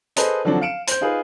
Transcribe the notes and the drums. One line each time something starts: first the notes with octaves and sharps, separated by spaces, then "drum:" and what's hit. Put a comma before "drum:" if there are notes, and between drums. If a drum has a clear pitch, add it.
G#4 A4 B4 C5 D#5, drum: hi-hat
D3 F3 F#3 C4 D4
F5 C#7 D7 E7
C5 G6, drum: hi-hat
D#4 F4 G#4 B4 F5